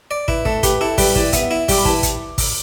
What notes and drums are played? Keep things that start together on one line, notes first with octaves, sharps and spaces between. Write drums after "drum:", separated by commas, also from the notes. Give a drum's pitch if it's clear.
D5
E4 B4, drum: kick
A3 A4, drum: kick
G4 B4, drum: kick, hi-hat
E4 A4
G3 B4, drum: kick, open hi-hat
E3 D5, drum: kick
B3 E5, drum: kick, hi-hat
E4
G3 D6, drum: kick, open hi-hat
B5
E3 A5, drum: kick
drum: kick, hi-hat
drum: kick, open hi-hat